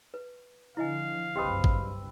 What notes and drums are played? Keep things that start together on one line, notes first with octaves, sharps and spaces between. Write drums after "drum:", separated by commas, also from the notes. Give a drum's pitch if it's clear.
B4
D3 F3 E4 D#5 F5 G#5
F#1 C2 G2 C4 G4 B4 D#5 D#6
drum: kick G#1